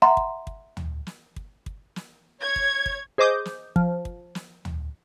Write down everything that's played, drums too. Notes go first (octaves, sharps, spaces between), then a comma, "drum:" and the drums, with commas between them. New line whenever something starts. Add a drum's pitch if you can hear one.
E5 F#5 A#5 C6
drum: kick
drum: kick
drum: tom
drum: snare
drum: kick
drum: kick
drum: snare
C#5 G#6
drum: kick
drum: kick
G#4 C5 D#5 D6 D#6 G6
drum: snare
F3, drum: kick
drum: kick
drum: snare
drum: tom